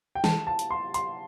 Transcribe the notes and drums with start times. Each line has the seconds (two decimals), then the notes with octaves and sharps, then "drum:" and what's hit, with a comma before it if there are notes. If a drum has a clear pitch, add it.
0.15 G5
0.24 A5, drum: snare
0.47 A5
0.59 drum: hi-hat
0.71 C6
0.94 C6, drum: hi-hat